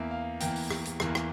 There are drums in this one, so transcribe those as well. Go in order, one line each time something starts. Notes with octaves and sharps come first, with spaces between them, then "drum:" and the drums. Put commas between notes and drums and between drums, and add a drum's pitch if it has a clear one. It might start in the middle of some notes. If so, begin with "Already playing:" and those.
Already playing: E2 E3 A#3 E5
F5
E2 E3 A#3 G5, drum: hi-hat
drum: open hi-hat
drum: rim click
drum: hi-hat
E2 E3 A#3, drum: rim click
drum: rim click